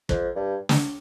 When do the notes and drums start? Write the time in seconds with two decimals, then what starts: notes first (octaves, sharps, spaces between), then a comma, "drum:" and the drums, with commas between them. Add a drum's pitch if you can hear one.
0.09 F2, drum: kick
0.36 G2
0.69 drum: snare